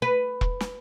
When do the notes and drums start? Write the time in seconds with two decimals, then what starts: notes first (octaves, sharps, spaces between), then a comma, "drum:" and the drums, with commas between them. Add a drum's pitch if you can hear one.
0.02 B4
0.41 drum: kick E1
0.60 drum: snare